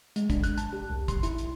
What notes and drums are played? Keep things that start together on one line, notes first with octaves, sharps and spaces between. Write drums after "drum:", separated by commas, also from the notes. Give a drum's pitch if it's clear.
G#3, drum: hi-hat
D4, drum: kick, hi-hat
F#6, drum: hi-hat
A5, drum: hi-hat
G4
C2
C6, drum: kick, hi-hat
E4, drum: hi-hat
B1, drum: hi-hat